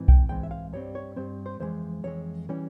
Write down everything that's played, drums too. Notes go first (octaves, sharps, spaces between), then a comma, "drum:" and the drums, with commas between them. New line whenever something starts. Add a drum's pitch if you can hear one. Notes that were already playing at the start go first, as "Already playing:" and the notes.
Already playing: G#2 E3 C4
G5, drum: kick B1
G#2 E3 G#3 C4 G5
E5
F5
G2 G3 C4 C#5
C#5
G2 G3 C4 C5
C5
F2 E3 G#3 C5
F2 E3 G#3 C#5
E3 G3 C#4